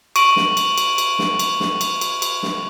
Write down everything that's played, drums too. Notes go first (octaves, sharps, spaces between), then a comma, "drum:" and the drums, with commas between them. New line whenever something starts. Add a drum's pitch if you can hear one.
C#6 D7 F#7, drum: cymbal
drum: snare
drum: cymbal
drum: cymbal
drum: cymbal
drum: snare
drum: cymbal
drum: snare
drum: cymbal
drum: cymbal
drum: cymbal
drum: snare